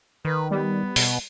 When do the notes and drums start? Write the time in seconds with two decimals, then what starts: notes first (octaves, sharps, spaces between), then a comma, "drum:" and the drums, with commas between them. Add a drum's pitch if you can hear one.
0.25 D#3 B4
0.51 G3 B3
0.96 B2, drum: open hi-hat